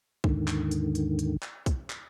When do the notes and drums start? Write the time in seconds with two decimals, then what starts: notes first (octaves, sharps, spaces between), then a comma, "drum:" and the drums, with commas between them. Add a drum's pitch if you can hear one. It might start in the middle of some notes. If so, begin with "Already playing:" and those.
0.24 D#2 G#2 D3 D#3, drum: kick B1
0.48 drum: clap
0.71 drum: hi-hat
0.95 drum: hi-hat
1.19 drum: hi-hat
1.43 drum: clap
1.66 drum: kick B1, hi-hat
1.90 drum: clap